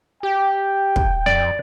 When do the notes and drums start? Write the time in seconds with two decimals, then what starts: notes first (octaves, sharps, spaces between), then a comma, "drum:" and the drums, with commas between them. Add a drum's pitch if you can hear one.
0.23 G4 G5
0.96 drum: kick
1.26 F2 D5